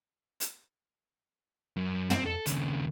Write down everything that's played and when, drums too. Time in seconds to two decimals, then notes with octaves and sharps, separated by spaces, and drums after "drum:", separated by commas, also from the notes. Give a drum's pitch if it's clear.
0.40 drum: hi-hat
1.77 F#2
2.10 C4, drum: tom
2.26 A4
2.46 D#2 C#3, drum: hi-hat